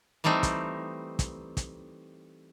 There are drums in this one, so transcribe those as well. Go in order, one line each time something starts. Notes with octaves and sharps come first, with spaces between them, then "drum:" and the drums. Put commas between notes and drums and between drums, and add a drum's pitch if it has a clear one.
E3 G3 A3 C4 D#4
drum: kick, hi-hat
drum: kick, hi-hat
drum: kick, hi-hat